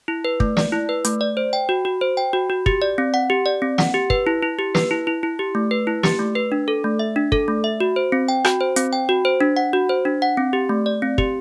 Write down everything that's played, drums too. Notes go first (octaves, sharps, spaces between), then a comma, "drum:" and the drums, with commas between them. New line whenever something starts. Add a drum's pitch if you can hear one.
E4
B4
A3, drum: kick
D5, drum: snare
E4
B4
A3, drum: hi-hat
D5
C5
G5
F#4
F#4
C5
G5
F#4
F#4
G4, drum: kick
D5
C4
F#5
G4
D5
C4
F#5, drum: snare
G4
B4, drum: kick
E4
E4
G4
B4, drum: snare
E4
E4
E4
G4
A3
B4
E4
G4, drum: snare
A3
B4
D4
A4
A3
E5
D4
A4, drum: kick
A3
E5
F#4
C5
C4
G5
F#4, drum: rim click
C5
C4, drum: hi-hat
G5
F#4
C5
D4
F#5
F#4
C5
D4
F#5
C4
G4
A3
D5
C4
G4, drum: kick